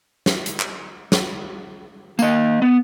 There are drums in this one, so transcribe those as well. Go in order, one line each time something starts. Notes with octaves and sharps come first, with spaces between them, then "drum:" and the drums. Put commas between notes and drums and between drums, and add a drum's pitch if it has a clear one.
drum: snare
drum: hi-hat
drum: clap
drum: snare
A#3 D#5, drum: tambourine
B3